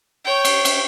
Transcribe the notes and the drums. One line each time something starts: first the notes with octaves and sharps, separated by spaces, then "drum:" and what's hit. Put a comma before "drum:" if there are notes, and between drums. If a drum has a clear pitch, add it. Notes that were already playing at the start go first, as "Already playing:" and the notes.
C#5 G5
drum: cymbal
drum: cymbal